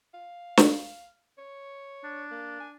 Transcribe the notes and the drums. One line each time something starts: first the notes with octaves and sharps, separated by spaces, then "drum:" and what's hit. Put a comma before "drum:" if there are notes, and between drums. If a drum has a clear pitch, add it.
F5
drum: snare
C#5
D4
A#3
G#5